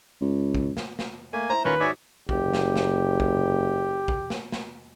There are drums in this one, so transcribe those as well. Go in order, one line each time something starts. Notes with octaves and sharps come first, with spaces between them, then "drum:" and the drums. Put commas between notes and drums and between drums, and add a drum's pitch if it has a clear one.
C#2
drum: kick
drum: snare
drum: snare
A3 A#3 G#5
E4 C5 A#5
D#2 C#4 F4 A#4 B4 C#6
G#2 F#4 C#5 D5 E5 G#5
F#1 G4, drum: kick
drum: snare
drum: snare
drum: kick
drum: kick
drum: snare
drum: snare